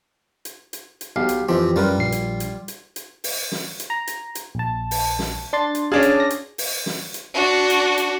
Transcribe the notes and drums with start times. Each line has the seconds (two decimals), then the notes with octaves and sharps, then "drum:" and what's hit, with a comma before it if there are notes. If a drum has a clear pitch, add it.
0.45 drum: hi-hat
0.73 drum: hi-hat
1.01 drum: hi-hat
1.16 B1 G4 F5
1.29 drum: hi-hat
1.49 F2 E3 F3 C4 G4
1.76 F#2 G3 F4 A#4 B4
1.98 A#1 C7
2.12 drum: hi-hat
2.40 drum: hi-hat
2.68 drum: hi-hat
2.96 drum: hi-hat
3.24 drum: open hi-hat
3.52 drum: snare
3.80 drum: hi-hat
3.90 A#5
4.07 drum: hi-hat
4.35 drum: hi-hat
4.55 A#1 A5
4.91 drum: open hi-hat
5.19 drum: snare
5.53 D4 C6 A6
5.75 drum: hi-hat
5.92 C#4 D4 G#4 F5 A5 D6
6.03 drum: hi-hat
6.20 A#6
6.30 drum: hi-hat
6.58 drum: open hi-hat
6.86 drum: snare
7.14 drum: hi-hat
7.33 D4 F#4
7.70 drum: hi-hat
7.98 drum: hi-hat